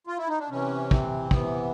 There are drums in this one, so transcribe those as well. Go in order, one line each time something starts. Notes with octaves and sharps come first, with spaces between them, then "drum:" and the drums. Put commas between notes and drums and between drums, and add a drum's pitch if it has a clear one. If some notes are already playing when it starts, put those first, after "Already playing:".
F4
E4
D#4
D4
C3 E3 C#4
C4, drum: kick
C3 E3 B3, drum: kick